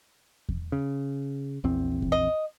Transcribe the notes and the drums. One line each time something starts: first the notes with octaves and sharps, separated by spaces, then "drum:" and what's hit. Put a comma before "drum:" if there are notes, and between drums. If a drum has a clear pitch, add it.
drum: kick E2
C#3
A#1 E2 C4
drum: kick E2
D#5